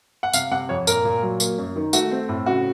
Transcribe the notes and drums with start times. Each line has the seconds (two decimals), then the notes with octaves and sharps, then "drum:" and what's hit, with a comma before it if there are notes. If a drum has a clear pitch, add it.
0.23 F#5
0.33 C3 F5, drum: tambourine
0.51 C3 F#5
0.69 F2 C#5
0.87 A#2 A#4, drum: tambourine
1.05 A#2
1.22 F#3
1.40 A#3, drum: tambourine
1.58 F#2
1.76 D#3
1.93 A3 F#4, drum: tambourine
2.11 C4
2.29 A2
2.46 C#3 F#4